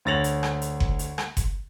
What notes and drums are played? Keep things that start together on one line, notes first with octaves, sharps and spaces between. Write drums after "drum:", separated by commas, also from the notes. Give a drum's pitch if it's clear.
D2 C#5 A6 A#6 F7 F#7
drum: hi-hat
drum: rim click
drum: hi-hat
drum: kick F#1
drum: hi-hat
drum: rim click
drum: kick F#1, hi-hat